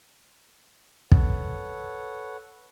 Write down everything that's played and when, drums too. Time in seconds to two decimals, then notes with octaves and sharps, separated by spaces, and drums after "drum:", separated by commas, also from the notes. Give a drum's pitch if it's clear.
1.12 A4 B4 C#5 F#5, drum: kick